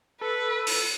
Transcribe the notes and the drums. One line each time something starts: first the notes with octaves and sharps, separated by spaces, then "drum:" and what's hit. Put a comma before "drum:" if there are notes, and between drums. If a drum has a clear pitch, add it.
A4 B4
drum: open hi-hat